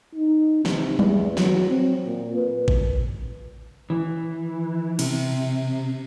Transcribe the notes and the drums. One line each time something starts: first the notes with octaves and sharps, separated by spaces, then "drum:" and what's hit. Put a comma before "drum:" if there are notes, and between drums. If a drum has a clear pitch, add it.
D#4
C3, drum: snare
E2, drum: tom F#3
F#3, drum: snare
C4
A#2
B4
drum: kick A1
E3
C3, drum: cymbal